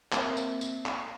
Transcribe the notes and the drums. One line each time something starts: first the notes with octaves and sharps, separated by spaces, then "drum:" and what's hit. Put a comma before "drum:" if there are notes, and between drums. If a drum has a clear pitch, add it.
A#3 C4 E5, drum: clap
drum: tambourine
drum: tambourine
drum: clap